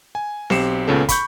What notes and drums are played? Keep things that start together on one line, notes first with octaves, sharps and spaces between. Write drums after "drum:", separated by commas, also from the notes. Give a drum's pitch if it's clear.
G#5
B1 C4 G4 C7 C#7 E7, drum: snare C4
C#2 A#2 C#3 B3 A4
B5 C#6 G6, drum: kick, hi-hat